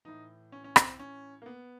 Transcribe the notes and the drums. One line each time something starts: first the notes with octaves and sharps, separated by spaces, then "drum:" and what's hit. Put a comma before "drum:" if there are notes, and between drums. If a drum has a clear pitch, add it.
A2 E3 D#4
C#4
C#4
C4, drum: rim click
C#4
A#3
B3